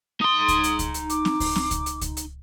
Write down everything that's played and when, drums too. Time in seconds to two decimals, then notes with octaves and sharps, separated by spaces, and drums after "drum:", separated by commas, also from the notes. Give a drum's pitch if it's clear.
0.21 D#4 C6 D#6
0.48 drum: kick C#2, hi-hat
0.64 drum: hi-hat
0.79 drum: kick C#2, hi-hat
0.94 drum: hi-hat
1.10 D6, drum: hi-hat
1.25 drum: snare C4
1.40 drum: kick C#2, open hi-hat
1.56 drum: snare C4
1.71 drum: kick C#2, hi-hat
1.86 drum: hi-hat
2.01 drum: kick C#2, hi-hat
2.17 drum: hi-hat